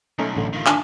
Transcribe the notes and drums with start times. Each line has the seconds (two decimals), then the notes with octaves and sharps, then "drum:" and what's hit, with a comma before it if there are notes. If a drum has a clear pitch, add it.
0.19 B1 A3 C#4 D#4
0.37 A1 D3
0.53 D#3 F4
0.66 D4 G#5 A5, drum: clap